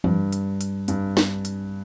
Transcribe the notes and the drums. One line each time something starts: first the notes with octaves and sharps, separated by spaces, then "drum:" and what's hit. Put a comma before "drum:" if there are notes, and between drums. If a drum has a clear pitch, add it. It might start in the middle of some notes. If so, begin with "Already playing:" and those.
G2, drum: tom E3
drum: hi-hat
drum: hi-hat
G2, drum: hi-hat
drum: snare
drum: hi-hat